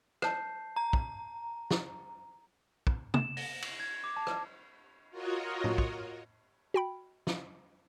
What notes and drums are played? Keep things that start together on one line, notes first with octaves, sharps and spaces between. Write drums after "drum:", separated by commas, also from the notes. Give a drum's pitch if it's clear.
A5 G6 C7, drum: rim click
A#5
drum: kick
drum: snare
drum: kick
E7, drum: tom
A#6, drum: open hi-hat
drum: cymbal
G#6
D6
A5
drum: rim click
F4 F#4 A#4 C#5 D#5
drum: tom A2
drum: kick
F#4 G5 B5
drum: snare